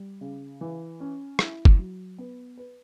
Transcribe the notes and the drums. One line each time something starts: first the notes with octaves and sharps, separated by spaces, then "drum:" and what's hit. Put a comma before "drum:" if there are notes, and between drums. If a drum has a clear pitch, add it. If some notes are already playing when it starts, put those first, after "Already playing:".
Already playing: G3
C#3
E3
C#4
E4, drum: rim click
drum: kick
F#3
B3
B4